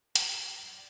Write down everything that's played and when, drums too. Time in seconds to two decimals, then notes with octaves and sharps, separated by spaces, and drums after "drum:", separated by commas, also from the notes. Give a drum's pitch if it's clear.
0.16 G4 C5, drum: hi-hat
0.29 A4
0.45 A#4
0.58 F#2
0.74 D5